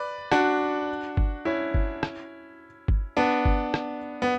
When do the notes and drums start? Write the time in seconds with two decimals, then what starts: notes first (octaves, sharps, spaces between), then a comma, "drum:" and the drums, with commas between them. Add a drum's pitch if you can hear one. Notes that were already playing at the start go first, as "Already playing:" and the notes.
Already playing: B4 D5
0.32 D4 F#4, drum: rim click
1.17 drum: kick G1
1.45 C#4 E4
1.74 drum: kick G1
2.03 drum: rim click
2.88 drum: kick G1
3.17 B3 D4
3.45 drum: kick G1
3.74 drum: rim click
4.22 B3